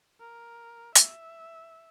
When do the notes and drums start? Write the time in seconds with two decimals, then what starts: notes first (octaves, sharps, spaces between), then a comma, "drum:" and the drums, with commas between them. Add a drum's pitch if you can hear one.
0.20 A#4
0.95 E5, drum: hi-hat